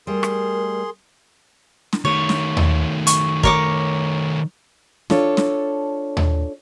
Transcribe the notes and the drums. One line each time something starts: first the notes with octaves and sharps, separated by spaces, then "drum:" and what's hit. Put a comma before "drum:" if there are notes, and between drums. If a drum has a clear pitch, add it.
G3 A3 G#4 A#4 C6
drum: rim click
drum: snare
D#3 A3 C#5
drum: snare
drum: tom D#2
C#6, drum: hi-hat
A#4 C#5 D6, drum: kick
D4 F4 A4 C#5, drum: snare
drum: snare
drum: tom D#2